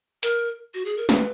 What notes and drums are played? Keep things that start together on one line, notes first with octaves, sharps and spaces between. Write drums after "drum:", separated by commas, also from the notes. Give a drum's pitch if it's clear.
A#4, drum: hi-hat
F#4
G#4
A#4
B4, drum: snare